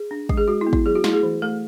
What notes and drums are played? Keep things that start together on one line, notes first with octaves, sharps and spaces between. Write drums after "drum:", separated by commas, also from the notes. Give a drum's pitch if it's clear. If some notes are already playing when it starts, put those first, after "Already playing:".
Already playing: G#4
D4
G#3, drum: kick
G#4
G#3 F#4
E4
B3
E4, drum: kick
F#3 G#4
F#4
A3 E4, drum: snare
G#4
E3
A3 A4